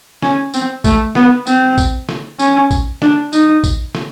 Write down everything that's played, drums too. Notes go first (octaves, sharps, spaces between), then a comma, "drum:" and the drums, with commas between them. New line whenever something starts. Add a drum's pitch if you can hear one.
C#4, drum: snare
C4, drum: tambourine
A3, drum: kick A#1, tambourine
B3, drum: snare
C4, drum: tambourine
drum: kick A#1, tambourine
drum: snare
C#4, drum: tambourine
drum: kick A#1, tambourine
D4, drum: snare
D#4, drum: tambourine
drum: kick A#1, tambourine
drum: snare